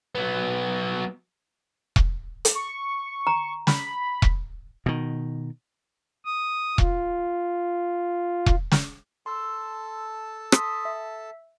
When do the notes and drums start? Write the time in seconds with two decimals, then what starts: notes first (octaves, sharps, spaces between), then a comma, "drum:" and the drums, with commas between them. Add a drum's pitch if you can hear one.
0.15 F#3 B3
1.96 drum: kick E1
2.45 drum: hi-hat
2.55 C#6
3.27 A#5
3.67 B5, drum: snare
4.22 drum: kick E1
4.86 B2 D#3
6.25 D#6
6.78 F4, drum: kick E1
8.46 drum: kick E1
8.71 drum: snare
9.26 A4 A5 C6 E6
10.52 C6 D#6 B6, drum: rim click
10.85 E5